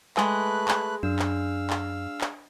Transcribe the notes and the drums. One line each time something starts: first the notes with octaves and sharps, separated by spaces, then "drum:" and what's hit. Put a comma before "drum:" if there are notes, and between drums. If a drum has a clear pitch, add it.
G#3 A3 B4 F#6, drum: clap
drum: clap
F#2 D4 F5 E6
drum: clap
drum: clap
drum: clap